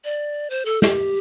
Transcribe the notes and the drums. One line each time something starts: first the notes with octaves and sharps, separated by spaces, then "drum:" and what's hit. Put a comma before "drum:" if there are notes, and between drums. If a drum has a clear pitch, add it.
D5
C5
A4
G4, drum: snare